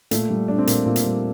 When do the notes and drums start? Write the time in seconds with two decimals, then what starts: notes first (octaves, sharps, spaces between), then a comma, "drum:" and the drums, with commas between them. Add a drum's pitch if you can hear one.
0.11 A#2 A3, drum: hi-hat
0.30 G3
0.48 G3 D4
0.58 C4
0.67 A#2 A#3, drum: hi-hat
0.86 A#2
0.96 drum: hi-hat
1.06 G3